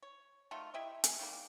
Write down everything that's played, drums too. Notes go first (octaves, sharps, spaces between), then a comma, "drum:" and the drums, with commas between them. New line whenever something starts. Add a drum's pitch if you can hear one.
C#5
D#3 F#3 A3 F4
E4 G4 D#5 E5
G#4 A4, drum: hi-hat
D#3 G3 A#3